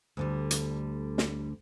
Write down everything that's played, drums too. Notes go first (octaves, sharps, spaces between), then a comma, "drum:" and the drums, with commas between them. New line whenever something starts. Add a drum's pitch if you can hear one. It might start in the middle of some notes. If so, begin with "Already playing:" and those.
D2 D3 G3
drum: hi-hat
drum: snare